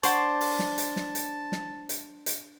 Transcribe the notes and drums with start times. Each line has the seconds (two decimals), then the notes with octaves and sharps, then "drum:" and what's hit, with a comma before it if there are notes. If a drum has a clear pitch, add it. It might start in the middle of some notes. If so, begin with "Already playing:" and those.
0.03 D4 C5 F#5 A5 C#6, drum: hi-hat
0.41 drum: open hi-hat
0.59 drum: snare
0.78 drum: hi-hat
0.96 drum: snare
1.15 drum: hi-hat
1.52 drum: snare
1.89 drum: hi-hat
2.26 drum: hi-hat